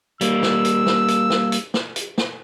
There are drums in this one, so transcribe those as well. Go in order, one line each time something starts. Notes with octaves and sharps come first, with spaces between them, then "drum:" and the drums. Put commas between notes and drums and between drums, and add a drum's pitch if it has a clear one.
G3 A#3 E6, drum: hi-hat
drum: snare
drum: hi-hat
drum: snare
drum: hi-hat
drum: snare
drum: hi-hat
drum: snare
drum: hi-hat
drum: snare